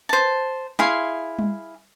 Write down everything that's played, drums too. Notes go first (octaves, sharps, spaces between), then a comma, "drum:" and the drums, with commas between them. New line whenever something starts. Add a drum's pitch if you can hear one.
C5 A5
E4 G#4 F5 C6, drum: snare
drum: tom G3